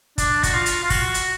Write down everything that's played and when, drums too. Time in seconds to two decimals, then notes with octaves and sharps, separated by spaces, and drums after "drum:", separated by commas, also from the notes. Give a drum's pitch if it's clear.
0.18 D4, drum: kick, hi-hat
0.43 F#4, drum: kick, hi-hat
0.54 F4
0.66 drum: hi-hat
0.83 F4
0.90 F#4, drum: kick, open hi-hat
1.14 drum: hi-hat